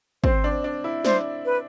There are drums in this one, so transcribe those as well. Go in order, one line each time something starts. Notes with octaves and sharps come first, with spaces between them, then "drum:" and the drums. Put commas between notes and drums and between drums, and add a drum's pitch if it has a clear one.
C4 C5, drum: kick
D4
D4
E4
D4 C5, drum: snare
B4